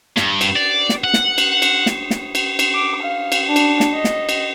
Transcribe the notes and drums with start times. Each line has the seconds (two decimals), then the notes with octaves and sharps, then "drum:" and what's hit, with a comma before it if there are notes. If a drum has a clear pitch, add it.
0.17 G2, drum: snare
0.41 drum: cymbal
0.56 D5
0.89 drum: snare
1.04 F#5
1.14 drum: snare
1.38 drum: cymbal
1.62 drum: cymbal
1.86 drum: snare
2.11 drum: snare
2.35 drum: cymbal
2.59 drum: cymbal
2.75 D6
3.03 F5
3.32 drum: cymbal
3.47 D4
3.56 drum: cymbal
3.80 drum: snare
3.93 D#5
4.04 drum: snare
4.29 drum: cymbal